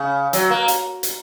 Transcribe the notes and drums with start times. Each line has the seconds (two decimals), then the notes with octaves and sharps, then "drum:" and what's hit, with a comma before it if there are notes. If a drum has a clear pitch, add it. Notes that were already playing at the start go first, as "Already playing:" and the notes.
Already playing: C#3
0.33 F#3, drum: hi-hat
0.50 A#3
0.68 drum: hi-hat
1.03 drum: hi-hat